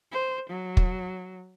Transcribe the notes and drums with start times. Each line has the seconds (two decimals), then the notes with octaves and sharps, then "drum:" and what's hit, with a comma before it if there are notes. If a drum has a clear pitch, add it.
0.12 C5
0.50 F#3
0.77 drum: kick